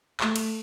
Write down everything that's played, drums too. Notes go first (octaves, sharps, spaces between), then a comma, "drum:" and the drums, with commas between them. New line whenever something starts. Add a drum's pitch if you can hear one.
A3, drum: clap
drum: cymbal